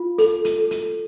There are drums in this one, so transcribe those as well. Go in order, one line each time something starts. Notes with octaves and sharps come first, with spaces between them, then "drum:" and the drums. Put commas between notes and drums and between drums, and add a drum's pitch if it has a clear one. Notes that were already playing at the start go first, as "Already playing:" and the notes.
Already playing: F4
A4, drum: open hi-hat
drum: hi-hat
A4
drum: hi-hat